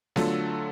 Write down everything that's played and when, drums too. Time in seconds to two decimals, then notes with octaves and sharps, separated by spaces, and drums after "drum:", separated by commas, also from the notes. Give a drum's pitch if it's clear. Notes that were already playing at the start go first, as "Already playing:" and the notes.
0.16 D3 F#3 A3 F4 A4, drum: snare B3